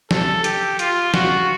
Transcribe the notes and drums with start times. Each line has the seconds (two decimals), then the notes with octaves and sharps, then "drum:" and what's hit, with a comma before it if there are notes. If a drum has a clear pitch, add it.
0.11 A4, drum: snare
0.44 G4, drum: hi-hat
0.79 F4, drum: hi-hat
1.14 F#4, drum: snare